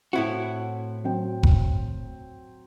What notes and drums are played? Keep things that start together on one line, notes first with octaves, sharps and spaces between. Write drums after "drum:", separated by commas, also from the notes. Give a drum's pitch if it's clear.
A2 C4 E4 F#4
F#3 C4 G5
drum: kick F1